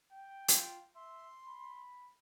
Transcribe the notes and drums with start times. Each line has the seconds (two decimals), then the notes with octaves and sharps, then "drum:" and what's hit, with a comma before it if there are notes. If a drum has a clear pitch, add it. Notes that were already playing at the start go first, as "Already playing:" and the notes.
0.11 G5
0.48 F4, drum: hi-hat
0.95 E5 C6
1.46 B5